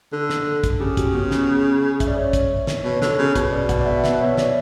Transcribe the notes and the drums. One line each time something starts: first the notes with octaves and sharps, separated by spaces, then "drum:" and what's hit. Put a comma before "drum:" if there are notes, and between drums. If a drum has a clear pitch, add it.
D3 A4
drum: snare
drum: kick, hi-hat
C#3 G4
F#4, drum: kick, hi-hat
C#4
B3
C#4, drum: snare
C#4
C#4
E5, drum: kick, hi-hat
D5
C#5
drum: kick, hi-hat
drum: snare
B2 C#5
D3, drum: snare
C#3
B2, drum: kick, hi-hat
D5
F#5, drum: kick, hi-hat
D5
E5
E5, drum: snare
C#5
D5, drum: snare